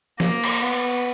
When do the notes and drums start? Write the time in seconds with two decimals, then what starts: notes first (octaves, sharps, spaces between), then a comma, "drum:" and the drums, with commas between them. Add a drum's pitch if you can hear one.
0.20 A#3, drum: snare
0.44 drum: cymbal
0.62 B3